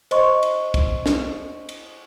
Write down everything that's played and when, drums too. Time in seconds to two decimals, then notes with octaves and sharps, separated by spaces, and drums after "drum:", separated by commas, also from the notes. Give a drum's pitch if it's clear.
0.11 C5 D#5 C6 C#6, drum: cymbal
0.43 drum: cymbal
0.74 drum: kick, cymbal
1.06 drum: snare
1.69 drum: cymbal